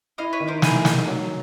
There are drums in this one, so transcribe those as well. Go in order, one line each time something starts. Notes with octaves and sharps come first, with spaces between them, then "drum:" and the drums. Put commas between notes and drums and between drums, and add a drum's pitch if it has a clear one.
E4 D#5 F5
B4 C#5
D#3
A#4 C5
E4 G#4 A#4, drum: snare
D#3, drum: snare
F#3